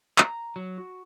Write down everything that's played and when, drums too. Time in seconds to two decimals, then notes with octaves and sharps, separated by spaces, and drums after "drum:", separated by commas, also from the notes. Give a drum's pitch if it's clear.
0.18 A#5, drum: clap
0.56 F#3
0.78 F#4